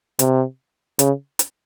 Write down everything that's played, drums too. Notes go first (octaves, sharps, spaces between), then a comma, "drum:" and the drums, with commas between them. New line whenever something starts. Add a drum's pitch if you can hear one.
C3, drum: hi-hat
C#3, drum: hi-hat
drum: hi-hat